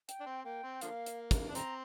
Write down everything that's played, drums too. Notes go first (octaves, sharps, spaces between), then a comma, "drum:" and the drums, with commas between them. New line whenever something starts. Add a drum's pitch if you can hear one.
G5, drum: hi-hat
D4
C4
A#3 G5
C4
D3 F3 A#3 F5, drum: hi-hat
drum: hi-hat
drum: kick, hi-hat
D4
C4 A#5, drum: hi-hat